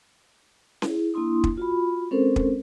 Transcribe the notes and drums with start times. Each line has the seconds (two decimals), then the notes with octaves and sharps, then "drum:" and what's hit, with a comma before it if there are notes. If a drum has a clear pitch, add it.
0.82 E4 G#4, drum: snare C#4
1.14 A#3 D4 E4 C6 D#6
1.44 drum: kick
1.57 F4 F#4 B5
2.11 G#3 C4 C#4 A4 A#4 C5
2.36 drum: kick